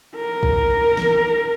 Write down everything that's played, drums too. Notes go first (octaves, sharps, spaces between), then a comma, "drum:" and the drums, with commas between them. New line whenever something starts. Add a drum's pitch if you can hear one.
A#4
drum: kick
drum: snare